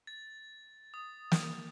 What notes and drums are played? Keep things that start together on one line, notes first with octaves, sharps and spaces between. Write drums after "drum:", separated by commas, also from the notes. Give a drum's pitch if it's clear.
A6
D#6
drum: snare